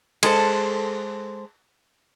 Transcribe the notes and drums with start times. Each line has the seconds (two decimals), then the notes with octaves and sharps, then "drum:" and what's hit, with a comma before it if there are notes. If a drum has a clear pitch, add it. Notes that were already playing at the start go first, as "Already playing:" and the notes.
0.23 G#3 A4 C5, drum: cymbal